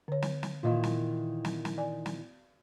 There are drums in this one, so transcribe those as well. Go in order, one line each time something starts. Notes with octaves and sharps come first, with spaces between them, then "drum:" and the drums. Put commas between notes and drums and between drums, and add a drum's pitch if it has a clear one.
D3 C#5
drum: snare
drum: snare
A#2 D#3 E3 F4 D#5 F5
drum: snare
drum: snare
drum: snare
D5 G#5
drum: snare